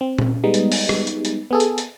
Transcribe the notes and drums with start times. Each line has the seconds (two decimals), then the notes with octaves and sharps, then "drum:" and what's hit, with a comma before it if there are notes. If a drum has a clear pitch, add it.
0.01 C4
0.18 drum: tom A#2
0.44 G3 G#3 B3 D#4
0.54 drum: hi-hat
0.72 drum: open hi-hat
0.89 drum: rim click
1.07 drum: hi-hat
1.25 drum: hi-hat
1.51 B3 G#4 A4
1.60 drum: hi-hat
1.78 drum: hi-hat